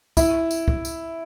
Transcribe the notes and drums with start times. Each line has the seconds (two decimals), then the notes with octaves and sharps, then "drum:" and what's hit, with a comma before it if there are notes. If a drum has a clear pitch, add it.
0.17 E4, drum: kick, tambourine
0.51 drum: tambourine
0.68 drum: kick
0.85 drum: tambourine